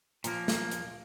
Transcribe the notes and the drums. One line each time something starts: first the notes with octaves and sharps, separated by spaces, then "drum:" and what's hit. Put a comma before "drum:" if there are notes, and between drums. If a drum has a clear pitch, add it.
A#2 F3 A#3, drum: hi-hat
drum: snare
drum: hi-hat